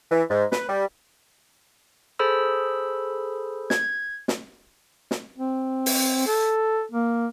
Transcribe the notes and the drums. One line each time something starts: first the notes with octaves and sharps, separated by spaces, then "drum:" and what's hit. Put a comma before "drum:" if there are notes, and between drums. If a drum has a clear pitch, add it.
E3
G#2
B4, drum: snare
G3
G#4 A4 C5 B5 E6
G#6, drum: snare
drum: snare
drum: snare
C4
drum: open hi-hat
A4
A#3